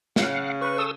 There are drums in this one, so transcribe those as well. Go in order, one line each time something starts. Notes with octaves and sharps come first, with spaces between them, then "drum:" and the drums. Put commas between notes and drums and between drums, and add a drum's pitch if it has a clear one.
C#3 F5 F#5, drum: snare
B4 C#6
A4 D#6 E6